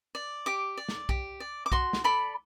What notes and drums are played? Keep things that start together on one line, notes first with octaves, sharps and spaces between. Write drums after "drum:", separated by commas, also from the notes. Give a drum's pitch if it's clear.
D5
G4 D6
D5
drum: snare
G4, drum: kick
D5
D6
F#4 C6, drum: kick
drum: snare
A4 D5 B5